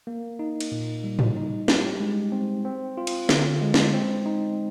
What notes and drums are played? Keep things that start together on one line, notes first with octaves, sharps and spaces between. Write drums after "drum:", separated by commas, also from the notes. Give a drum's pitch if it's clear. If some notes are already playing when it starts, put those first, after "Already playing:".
A#3
D#4
drum: cymbal
A#2
G3
drum: tom G#2
D#4
G4, drum: snare
G#3
C4
C4
F4
drum: cymbal
D3, drum: snare
G#3
drum: snare
C4
D#4